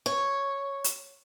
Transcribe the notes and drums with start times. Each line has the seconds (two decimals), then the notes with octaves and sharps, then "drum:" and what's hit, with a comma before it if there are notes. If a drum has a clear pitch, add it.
0.06 C#5
0.84 drum: hi-hat